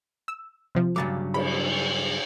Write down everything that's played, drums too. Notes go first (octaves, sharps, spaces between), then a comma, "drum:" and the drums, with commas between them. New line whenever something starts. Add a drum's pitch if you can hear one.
E6
C3 F3
G2 C#3 F#3 D6 A6
B5, drum: cymbal